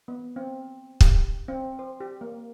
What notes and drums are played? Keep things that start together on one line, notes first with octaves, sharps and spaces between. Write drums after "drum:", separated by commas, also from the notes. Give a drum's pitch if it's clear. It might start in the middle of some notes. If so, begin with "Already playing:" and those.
B3
C4
G4, drum: kick
C4
C5
G4
A#3